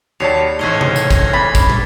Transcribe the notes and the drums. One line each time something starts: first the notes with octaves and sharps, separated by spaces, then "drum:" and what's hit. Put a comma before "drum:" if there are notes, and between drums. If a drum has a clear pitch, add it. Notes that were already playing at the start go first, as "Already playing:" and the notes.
D#2 F#3 G3 C#5 A5 C7 C#7 F7
A1 G#2 C4 C#4 A4 F#6 G#6 G7
drum: tom C3
drum: tambourine
G#6 A#6, drum: kick, tambourine
B5 D6 A6
drum: kick, tambourine
drum: tom